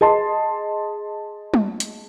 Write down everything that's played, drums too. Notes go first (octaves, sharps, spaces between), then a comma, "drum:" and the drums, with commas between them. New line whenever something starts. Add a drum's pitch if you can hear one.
G#4 D#5 A5 C6
drum: tom
drum: hi-hat